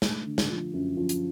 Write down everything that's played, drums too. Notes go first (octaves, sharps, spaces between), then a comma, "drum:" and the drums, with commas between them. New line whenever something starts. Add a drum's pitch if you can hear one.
A3, drum: snare
D3
drum: snare
F3
F#2
F3
drum: hi-hat